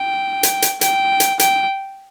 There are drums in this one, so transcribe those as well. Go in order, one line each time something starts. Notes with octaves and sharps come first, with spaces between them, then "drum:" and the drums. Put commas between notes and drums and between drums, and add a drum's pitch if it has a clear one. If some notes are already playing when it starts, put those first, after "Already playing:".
Already playing: G5
drum: hi-hat
drum: hi-hat
G5, drum: hi-hat
drum: hi-hat
G5, drum: hi-hat